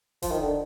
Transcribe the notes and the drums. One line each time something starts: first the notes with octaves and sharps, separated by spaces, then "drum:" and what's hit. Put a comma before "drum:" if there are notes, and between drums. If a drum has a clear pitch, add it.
F3, drum: kick E1, open hi-hat
D#3
D3